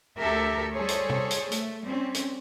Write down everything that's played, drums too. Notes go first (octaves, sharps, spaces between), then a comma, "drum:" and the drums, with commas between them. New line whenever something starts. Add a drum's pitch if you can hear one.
D2 A3 G4 A4 A#4 E5
G3 G#4 A4 C5 C#5
drum: hi-hat
drum: tom C3
drum: hi-hat
A3, drum: hi-hat
G3 C4 C#4
drum: hi-hat